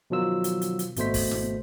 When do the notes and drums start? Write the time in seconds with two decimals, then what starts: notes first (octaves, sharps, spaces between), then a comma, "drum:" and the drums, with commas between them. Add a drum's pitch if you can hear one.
0.10 B2 D#3 F3 F#3 F4 E6
0.44 drum: hi-hat
0.61 drum: hi-hat
0.79 drum: hi-hat
0.96 G#1 B2 A3 C5 B6, drum: hi-hat
1.14 drum: kick, open hi-hat
1.31 drum: snare